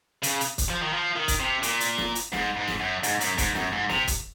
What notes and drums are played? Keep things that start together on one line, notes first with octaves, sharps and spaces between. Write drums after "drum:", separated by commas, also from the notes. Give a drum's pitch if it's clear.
C#3, drum: hi-hat
drum: hi-hat
drum: kick, hi-hat
F3
D#3
F3
D#3
drum: kick, hi-hat
C3
A#2, drum: hi-hat
drum: hi-hat
drum: snare
drum: hi-hat
G#2, drum: snare
G#2
drum: snare
F#2
G#2, drum: hi-hat
F#2, drum: hi-hat
G#2, drum: kick, hi-hat
F#2, drum: snare
G#2
C3, drum: snare
drum: kick, hi-hat